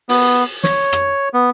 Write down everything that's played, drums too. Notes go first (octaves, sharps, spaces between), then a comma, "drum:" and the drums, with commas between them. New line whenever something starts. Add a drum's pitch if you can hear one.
B3, drum: open hi-hat
C#5, drum: snare
drum: rim click
B3